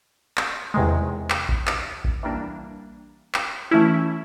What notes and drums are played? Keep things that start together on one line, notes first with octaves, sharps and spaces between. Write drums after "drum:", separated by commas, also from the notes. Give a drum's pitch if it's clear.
drum: clap
E2 C3 D#3 G#3
drum: clap
drum: kick A1
drum: clap
drum: kick A1
E3 G3 A#3 D4
drum: clap
E3 A3 C#4 E4